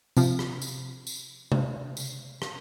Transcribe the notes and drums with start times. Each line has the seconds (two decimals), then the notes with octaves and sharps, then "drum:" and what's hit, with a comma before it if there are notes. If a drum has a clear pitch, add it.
0.17 C3 F3, drum: tambourine
0.39 drum: rim click
0.62 drum: tambourine
1.07 drum: tambourine
1.52 drum: tom C3
1.97 drum: tambourine
2.42 drum: rim click